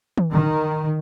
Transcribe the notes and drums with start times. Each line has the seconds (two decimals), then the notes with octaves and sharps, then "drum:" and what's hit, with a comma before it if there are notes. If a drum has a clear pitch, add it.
0.18 drum: tom D#3
0.32 D#3